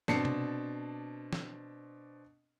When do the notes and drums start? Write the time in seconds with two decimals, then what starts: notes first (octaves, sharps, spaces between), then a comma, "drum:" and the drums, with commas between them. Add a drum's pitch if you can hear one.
0.08 B2 C4 D4 A5 C7 C#7, drum: snare
0.25 drum: tom C3
1.33 drum: snare